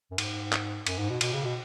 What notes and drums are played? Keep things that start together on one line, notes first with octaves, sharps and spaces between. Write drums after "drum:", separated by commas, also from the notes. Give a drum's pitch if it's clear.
F#2
G#2, drum: cymbal
drum: clap
F#2, drum: cymbal
G#2
B2
B2, drum: cymbal
C#3
B2